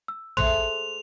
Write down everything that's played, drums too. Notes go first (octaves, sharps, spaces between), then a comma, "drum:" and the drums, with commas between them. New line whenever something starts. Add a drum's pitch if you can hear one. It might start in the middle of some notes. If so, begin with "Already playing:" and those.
E6
A3 G#4 C5 C6 F#6 F7, drum: tom